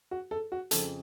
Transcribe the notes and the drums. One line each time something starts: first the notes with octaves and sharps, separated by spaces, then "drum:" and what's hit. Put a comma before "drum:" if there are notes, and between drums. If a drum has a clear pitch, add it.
F#4
A4
F#4
F2 C#3 A4, drum: hi-hat